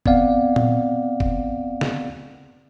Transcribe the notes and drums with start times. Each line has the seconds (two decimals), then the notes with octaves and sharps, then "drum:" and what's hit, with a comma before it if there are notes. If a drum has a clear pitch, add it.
0.06 B3 C4 D5 F5 F#5, drum: kick F#1
0.56 drum: tom A#2
1.20 drum: kick F#1
1.81 drum: snare